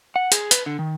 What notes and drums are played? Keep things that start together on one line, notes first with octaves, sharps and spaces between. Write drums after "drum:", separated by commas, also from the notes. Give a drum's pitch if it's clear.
F#5
G#4, drum: hi-hat
B4, drum: hi-hat
D3
D#3